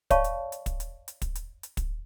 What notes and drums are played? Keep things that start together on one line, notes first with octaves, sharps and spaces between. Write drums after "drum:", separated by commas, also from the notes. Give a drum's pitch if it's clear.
C#5 D5 F5 A5 B5 C#6, drum: kick, hi-hat
drum: hi-hat
drum: hi-hat
drum: kick, hi-hat
drum: hi-hat
drum: hi-hat
drum: kick, hi-hat
drum: hi-hat
drum: hi-hat
drum: kick, hi-hat